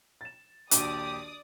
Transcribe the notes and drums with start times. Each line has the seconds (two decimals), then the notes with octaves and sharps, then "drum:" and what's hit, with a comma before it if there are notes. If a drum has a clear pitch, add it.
0.21 A6 E7
0.71 A#1 D#2 D4 F#4 G4 D5 D#6, drum: hi-hat